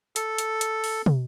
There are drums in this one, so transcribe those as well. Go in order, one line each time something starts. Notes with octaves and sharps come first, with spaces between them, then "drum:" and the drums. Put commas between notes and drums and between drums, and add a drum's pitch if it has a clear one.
A4, drum: hi-hat
drum: hi-hat
drum: hi-hat
drum: open hi-hat
drum: tom